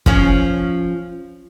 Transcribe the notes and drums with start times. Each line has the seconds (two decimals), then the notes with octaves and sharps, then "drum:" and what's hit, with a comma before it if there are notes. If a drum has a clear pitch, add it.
0.06 F3 C#4, drum: kick